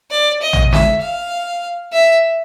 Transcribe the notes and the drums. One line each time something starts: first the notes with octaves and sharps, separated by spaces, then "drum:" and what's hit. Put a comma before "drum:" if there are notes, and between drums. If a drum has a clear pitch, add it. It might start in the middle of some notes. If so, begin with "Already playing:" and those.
D5
D#5
drum: tom
E5, drum: snare
F5
E5